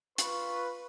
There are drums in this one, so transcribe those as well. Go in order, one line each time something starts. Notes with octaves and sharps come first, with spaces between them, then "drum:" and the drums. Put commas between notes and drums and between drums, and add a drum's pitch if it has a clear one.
F4 B4 C#6, drum: hi-hat